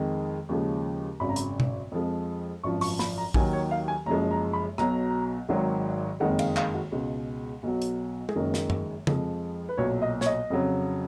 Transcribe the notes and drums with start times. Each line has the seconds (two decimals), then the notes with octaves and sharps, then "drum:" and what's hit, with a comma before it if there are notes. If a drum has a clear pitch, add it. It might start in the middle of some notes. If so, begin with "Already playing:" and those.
Already playing: F2 D#3 G#3
0.49 D#2 C#3 F3 G#3
1.20 G#1 F#2 C#3 B5
1.29 A#5
1.36 B5, drum: hi-hat
1.60 drum: tom B2
1.91 F2 F3 G#3
2.63 G#1 F#2 F3 C#6
2.81 C#6, drum: open hi-hat
2.99 B5, drum: snare
3.18 A#5
3.34 D#2 D#3 F#3 G#5, drum: kick A#1
3.53 C#5
3.71 F5
3.88 G#5
4.06 F#1 F#2 F3 G#3 A#5
4.31 A#5
4.53 B5
4.78 B1 B2 F#3 A#5, drum: rim click
5.49 G#1 G#2 D#3 F#3
6.20 F#1 F2 D#3 G#3 F#5
6.39 F5, drum: cymbal
6.57 F5, drum: clap
6.74 F#4
6.92 C#2 B2 G#3
7.63 B1 B2 F#3
7.82 drum: hi-hat
8.29 G#4, drum: tom
8.35 F#1 F#2 D#3 G#3 A#4
8.54 drum: snare
8.70 drum: tom F#2
9.07 F2 F3 G#3, drum: tom C#3
9.69 B4
9.77 B1 A#2 F#3 C#5
10.02 D#5
10.21 C#5, drum: snare
10.26 D#5
10.50 F2 C#3 F#3